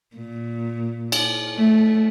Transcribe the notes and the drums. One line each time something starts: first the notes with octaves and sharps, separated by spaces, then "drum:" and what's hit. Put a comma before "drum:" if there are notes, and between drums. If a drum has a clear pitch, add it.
A#2
drum: cymbal
A3